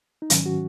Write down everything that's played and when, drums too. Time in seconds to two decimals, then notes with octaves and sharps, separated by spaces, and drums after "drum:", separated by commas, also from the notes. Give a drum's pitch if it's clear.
0.22 D#4
0.30 G#2 D#3 F#3 C#4, drum: hi-hat
0.46 F#4